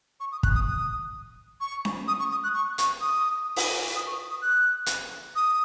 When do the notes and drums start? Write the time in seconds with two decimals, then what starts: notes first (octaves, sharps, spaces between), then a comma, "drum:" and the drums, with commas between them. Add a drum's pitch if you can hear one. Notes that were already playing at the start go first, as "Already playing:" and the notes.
0.20 C#6
0.32 D#6
0.43 F#6, drum: kick
0.55 D#6
0.67 D#6
1.61 C#6
1.85 drum: snare C#4
2.08 D#6
2.20 C#6
2.31 D#6
2.44 F#6
2.54 C#6
2.78 C#6, drum: hi-hat
3.01 D#6
3.56 drum: open hi-hat
3.96 D#6
4.07 C#6
4.30 D#6
4.42 F#6
4.86 drum: hi-hat
5.36 D#6